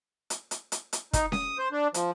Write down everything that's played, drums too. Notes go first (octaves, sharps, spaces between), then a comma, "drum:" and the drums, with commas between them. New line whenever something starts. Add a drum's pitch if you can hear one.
drum: hi-hat
drum: hi-hat
drum: hi-hat
drum: hi-hat
D#4, drum: kick, hi-hat
D#6, drum: snare C#4
C5
D4
F3, drum: hi-hat